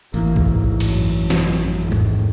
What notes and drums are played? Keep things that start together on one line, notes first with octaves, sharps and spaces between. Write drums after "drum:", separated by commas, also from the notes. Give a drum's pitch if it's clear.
A1 E3 A#3
drum: kick B1
G#2
F#2, drum: cymbal
drum: snare
G#1 A2
drum: tom E2